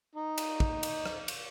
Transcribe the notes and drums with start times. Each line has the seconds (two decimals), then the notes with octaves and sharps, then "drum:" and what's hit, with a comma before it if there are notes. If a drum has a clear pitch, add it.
0.15 D#4
0.38 drum: cymbal
0.60 drum: kick
0.83 drum: cymbal
1.06 drum: rim click
1.28 drum: cymbal